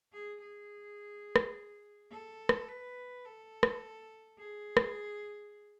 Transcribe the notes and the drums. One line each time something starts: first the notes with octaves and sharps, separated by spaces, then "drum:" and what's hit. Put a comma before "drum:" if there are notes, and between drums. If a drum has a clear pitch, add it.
G#4
G#4
drum: rim click
A4
drum: rim click
B4
A4
drum: rim click
G#4
drum: rim click